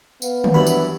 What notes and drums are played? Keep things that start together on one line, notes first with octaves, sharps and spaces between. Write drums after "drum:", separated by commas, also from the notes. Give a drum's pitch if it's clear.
B3 F5, drum: tambourine
drum: tom D#3
G2 E3 F#3 E4 D5 B5
drum: tambourine